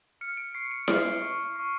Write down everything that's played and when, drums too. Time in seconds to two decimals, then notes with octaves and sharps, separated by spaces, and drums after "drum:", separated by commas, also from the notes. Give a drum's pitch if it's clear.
0.21 F6 C#7
0.37 D7
0.55 C#6 C7
0.71 D7
0.88 F6 D7, drum: snare E4
1.22 C#6
1.56 C#6